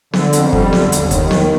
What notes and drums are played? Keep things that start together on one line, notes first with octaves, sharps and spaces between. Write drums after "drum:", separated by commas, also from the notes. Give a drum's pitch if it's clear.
D3, drum: snare B3
F2, drum: hi-hat
G3, drum: kick
D3, drum: snare B3
D#2, drum: hi-hat
D#3, drum: kick, hi-hat
D#2, drum: snare B3